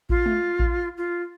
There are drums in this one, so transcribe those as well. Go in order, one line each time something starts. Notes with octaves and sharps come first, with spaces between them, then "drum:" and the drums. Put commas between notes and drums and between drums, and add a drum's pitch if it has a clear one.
F4, drum: kick A1
drum: tom G#3
drum: kick A1
F4